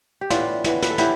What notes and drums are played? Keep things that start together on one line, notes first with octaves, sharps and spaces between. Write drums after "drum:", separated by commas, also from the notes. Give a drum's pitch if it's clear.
G4
A2 E3 B3 D4 F4, drum: snare
A2 E3 B3, drum: snare
B4, drum: snare
A4
A2 E3 B3 E4 G4, drum: snare